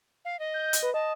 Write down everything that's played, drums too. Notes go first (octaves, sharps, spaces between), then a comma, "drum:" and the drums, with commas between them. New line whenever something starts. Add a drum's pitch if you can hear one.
F5
D#5
G6
drum: hi-hat
B4
D#5 A5